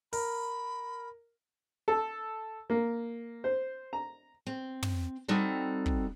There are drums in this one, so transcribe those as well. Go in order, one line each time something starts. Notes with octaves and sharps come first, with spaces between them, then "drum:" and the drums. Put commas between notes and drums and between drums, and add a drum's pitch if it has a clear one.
A#4 B5, drum: open hi-hat
A4
A#3
C5
A#5
C4
drum: tom
G3 C4 D#4 F#4 A4
drum: kick